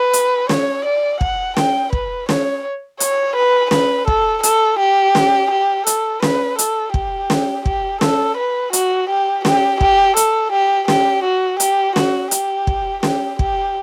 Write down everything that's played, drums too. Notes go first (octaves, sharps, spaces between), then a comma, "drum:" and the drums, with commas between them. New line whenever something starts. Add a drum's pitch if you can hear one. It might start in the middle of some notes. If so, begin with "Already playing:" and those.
Already playing: B4
drum: hi-hat
C#5, drum: snare
D5
F#5, drum: kick
G5, drum: snare
B4, drum: kick
C#5, drum: snare
C#5, drum: hi-hat
B4
B4, drum: snare
A4, drum: kick
A4, drum: hi-hat
G4
drum: snare
G4
A4, drum: hi-hat
B4, drum: snare
A4, drum: hi-hat
G4, drum: kick
drum: snare
G4, drum: kick
A4, drum: snare
B4
F#4, drum: hi-hat
G4
G4, drum: snare
G4, drum: kick
A4, drum: hi-hat
G4
G4, drum: snare
F#4
G4, drum: hi-hat
F#4, drum: snare
G4, drum: hi-hat
drum: kick
G4, drum: snare
G4, drum: kick